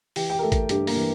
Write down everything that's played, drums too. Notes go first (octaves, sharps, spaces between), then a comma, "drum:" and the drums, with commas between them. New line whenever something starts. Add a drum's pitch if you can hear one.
E3 G4 G5, drum: open hi-hat
G4 G5
A#4
A3 A4
drum: kick A1, hi-hat
G2 G4, drum: hi-hat
A#3 A#4, drum: open hi-hat
E3